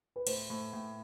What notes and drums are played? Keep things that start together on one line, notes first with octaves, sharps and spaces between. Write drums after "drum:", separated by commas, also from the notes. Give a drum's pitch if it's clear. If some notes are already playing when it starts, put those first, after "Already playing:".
B4
A2 C5, drum: cymbal
A2
A2